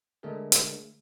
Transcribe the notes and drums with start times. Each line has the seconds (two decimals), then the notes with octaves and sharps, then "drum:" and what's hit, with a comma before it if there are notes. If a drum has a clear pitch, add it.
0.23 D3 G#3 A3 D4 G#4 A#4
0.52 drum: hi-hat